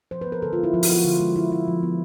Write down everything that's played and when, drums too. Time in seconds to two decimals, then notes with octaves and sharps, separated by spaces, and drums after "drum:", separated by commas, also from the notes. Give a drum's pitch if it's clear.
0.11 F3 C5
0.21 B3 B4
0.32 A#4
0.42 D3 A4
0.53 F4
0.58 G#3
0.63 E4
0.74 F3 F4
0.83 F#4, drum: open hi-hat
0.89 B3 F4
1.05 D3
1.20 G#3
1.36 G#3 E4
1.52 E4
1.68 F3
1.83 B3